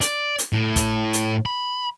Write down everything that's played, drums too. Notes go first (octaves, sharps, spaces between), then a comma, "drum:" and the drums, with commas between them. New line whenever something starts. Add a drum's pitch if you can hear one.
D5, drum: hi-hat
drum: hi-hat
A2
drum: kick, hi-hat
drum: hi-hat
B5